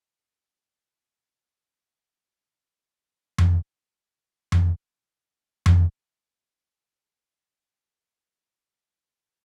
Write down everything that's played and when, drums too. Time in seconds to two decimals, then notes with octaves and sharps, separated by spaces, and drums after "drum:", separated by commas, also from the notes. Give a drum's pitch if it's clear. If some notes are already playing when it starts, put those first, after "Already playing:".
0.24 C#3 F5 G#5
0.69 F#2 A2 G3 D5
1.88 F#4 D#5
2.31 C#4 G5 C6
3.38 drum: tom F2
3.62 B4 C5 G5 C#6 F6
3.91 A#5
4.52 drum: tom F2
4.80 A4
4.94 A#2
5.09 A#4
5.25 F#3
5.40 C#4
5.66 drum: tom F2
6.88 G#4
8.11 A3